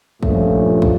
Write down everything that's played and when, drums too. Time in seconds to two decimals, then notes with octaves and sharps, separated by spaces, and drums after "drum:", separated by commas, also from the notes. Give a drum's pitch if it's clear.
0.23 G2 A#2 F3 A3 C#4 F4, drum: kick
0.82 drum: kick